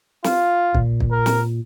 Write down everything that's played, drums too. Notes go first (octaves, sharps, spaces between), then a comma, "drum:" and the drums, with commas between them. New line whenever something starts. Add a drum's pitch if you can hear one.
F4, drum: snare
A#2, drum: kick
drum: kick
A#4
drum: snare